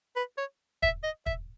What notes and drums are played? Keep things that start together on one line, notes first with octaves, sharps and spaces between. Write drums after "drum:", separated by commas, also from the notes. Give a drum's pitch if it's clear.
B4
C#5
E5, drum: kick
D#5
E5, drum: kick